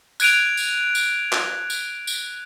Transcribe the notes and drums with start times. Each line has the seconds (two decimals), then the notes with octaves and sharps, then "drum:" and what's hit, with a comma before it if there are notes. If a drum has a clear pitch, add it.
0.20 F#6 G#6 D7 D#7 F7, drum: tambourine
0.57 drum: tambourine
0.95 drum: tambourine
1.32 drum: clap
1.70 drum: tambourine
2.07 drum: tambourine